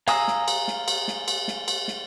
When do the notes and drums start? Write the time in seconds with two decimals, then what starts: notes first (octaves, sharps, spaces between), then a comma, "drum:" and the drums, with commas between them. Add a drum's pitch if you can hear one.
0.08 F5 G#5 A#5 D#6 E6, drum: cymbal
0.28 drum: snare
0.48 drum: cymbal
0.68 drum: snare
0.88 drum: cymbal
1.08 drum: snare
1.28 drum: cymbal
1.48 drum: snare
1.68 drum: cymbal
1.88 drum: snare